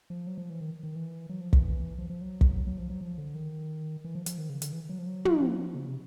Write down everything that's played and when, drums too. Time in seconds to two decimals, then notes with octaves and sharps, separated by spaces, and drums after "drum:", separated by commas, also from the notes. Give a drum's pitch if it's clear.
0.10 F3
0.27 F#3
0.38 F3
0.50 E3
0.61 D#3
0.83 D#3
0.95 E3
1.29 F#3
1.41 F3
1.53 E3, drum: kick
1.98 F3
2.10 F3
2.21 F#3
2.41 drum: kick
2.67 F#3
2.78 F3
2.90 F#3
3.01 F3
3.18 D3
3.35 D#3
4.04 E3
4.15 F3
4.26 F3, drum: hi-hat
4.38 D#3
4.49 C#3
4.62 D3, drum: hi-hat
4.72 E3
4.89 F#3
4.98 F3
5.07 F#3
5.25 drum: tom
5.40 F3
5.53 F#3
5.58 F3
5.75 C#3
5.87 C3